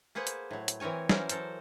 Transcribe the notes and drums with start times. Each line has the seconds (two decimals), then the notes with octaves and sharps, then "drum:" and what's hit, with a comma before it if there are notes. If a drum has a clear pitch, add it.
0.15 A#3 G#4 B4 C5 F#5
0.27 drum: hi-hat
0.51 A2 F#3
0.68 drum: hi-hat
0.80 E3 C4 A#4 C#5 G#5
1.09 E3 F#3 C#4 A#4 C5, drum: snare
1.29 A4 A#4 C5, drum: hi-hat